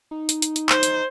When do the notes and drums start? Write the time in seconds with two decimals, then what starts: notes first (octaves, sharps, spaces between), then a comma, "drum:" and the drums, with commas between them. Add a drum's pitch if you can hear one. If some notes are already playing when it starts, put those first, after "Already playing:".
0.11 D#4
0.29 drum: hi-hat
0.42 drum: hi-hat
0.56 drum: hi-hat
0.69 C5, drum: clap
0.83 drum: hi-hat